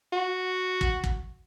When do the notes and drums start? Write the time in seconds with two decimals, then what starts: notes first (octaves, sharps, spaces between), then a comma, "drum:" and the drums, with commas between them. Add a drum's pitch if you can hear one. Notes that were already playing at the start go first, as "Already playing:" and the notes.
0.13 F#4
0.81 drum: kick
1.04 drum: kick